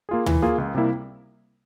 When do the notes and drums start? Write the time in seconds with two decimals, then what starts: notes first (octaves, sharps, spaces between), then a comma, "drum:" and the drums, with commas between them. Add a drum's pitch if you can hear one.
0.09 A#3 F4 G#4
0.26 E3, drum: tom
0.42 A#3 F4 G#4
0.58 C#2
0.75 C3 G3 A#3 E4